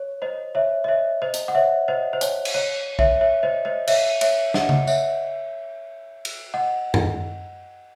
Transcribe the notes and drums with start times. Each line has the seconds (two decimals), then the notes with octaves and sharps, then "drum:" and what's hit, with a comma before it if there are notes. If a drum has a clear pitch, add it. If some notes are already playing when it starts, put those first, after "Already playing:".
Already playing: C#5
0.22 C5 D#5
0.55 C#5 E5
0.84 D#5
0.88 C#5 E5
1.22 C5 D#5
1.34 drum: hi-hat
1.48 F#5
1.55 C#5 E5
1.88 C5 D#5
2.13 C5
2.21 C#5, drum: hi-hat
2.45 drum: cymbal
2.54 C#5
2.99 C#5 E5, drum: kick A#1
3.21 C#5 E5
3.43 C5 D#5
3.65 C5 D#5
3.87 C#5 E5, drum: cymbal
4.21 C#5 E5, drum: cymbal
4.54 D#5 F#5, drum: snare
4.69 drum: tom C#3
4.87 C#5 E5, drum: tambourine
6.25 drum: cymbal
6.54 D#5 F#5
6.94 drum: tom F#2